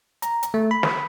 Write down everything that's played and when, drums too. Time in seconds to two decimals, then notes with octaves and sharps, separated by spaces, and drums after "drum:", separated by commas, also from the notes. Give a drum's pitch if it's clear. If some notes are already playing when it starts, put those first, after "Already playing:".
0.22 A#5, drum: hi-hat
0.43 drum: hi-hat
0.54 A3
0.71 B5
0.83 drum: snare